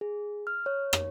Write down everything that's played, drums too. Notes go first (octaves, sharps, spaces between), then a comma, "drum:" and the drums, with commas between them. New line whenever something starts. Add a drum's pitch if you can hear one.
G#4
F6
C#5
drum: rim click